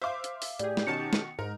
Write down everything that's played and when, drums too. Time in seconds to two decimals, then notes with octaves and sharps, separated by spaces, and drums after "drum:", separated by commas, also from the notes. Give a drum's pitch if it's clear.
0.02 C5 E5 F5 D6
0.24 drum: hi-hat
0.42 drum: open hi-hat
0.59 A2 G4 G#4 D5, drum: hi-hat
0.77 drum: snare
0.87 B2 D#3 C#4 D#4 A5 C#7
1.13 drum: snare
1.39 G#2 D#4 A#4